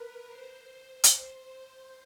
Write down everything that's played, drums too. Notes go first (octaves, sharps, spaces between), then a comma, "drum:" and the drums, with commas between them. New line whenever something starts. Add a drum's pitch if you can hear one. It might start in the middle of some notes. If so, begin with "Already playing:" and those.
Already playing: A#4 B4
C5
C5
drum: hi-hat
C5